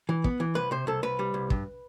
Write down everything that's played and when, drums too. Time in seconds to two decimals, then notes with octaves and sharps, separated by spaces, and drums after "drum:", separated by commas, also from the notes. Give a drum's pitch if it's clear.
0.09 E3
0.24 B3, drum: kick
0.40 E3
0.55 C2 B4
0.71 C3 C5
0.87 C2 A4
1.03 C2 B4
1.19 G3
1.34 C2
1.50 G2, drum: kick